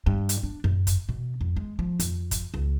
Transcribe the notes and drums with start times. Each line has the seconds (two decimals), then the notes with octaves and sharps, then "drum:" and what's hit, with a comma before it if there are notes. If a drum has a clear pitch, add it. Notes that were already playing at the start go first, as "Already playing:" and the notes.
0.06 G2
0.29 drum: hi-hat
0.43 D4
0.64 F#2
0.87 drum: kick, hi-hat
1.09 B2
1.41 F2
1.56 G#3
1.79 F3
2.00 F2, drum: hi-hat
2.31 drum: kick, hi-hat
2.54 C#2